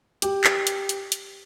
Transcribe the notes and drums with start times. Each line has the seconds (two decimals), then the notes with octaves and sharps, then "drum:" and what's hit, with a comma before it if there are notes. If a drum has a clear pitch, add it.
0.22 G4, drum: hi-hat
0.44 drum: clap
0.67 drum: hi-hat
0.89 drum: hi-hat
1.12 drum: hi-hat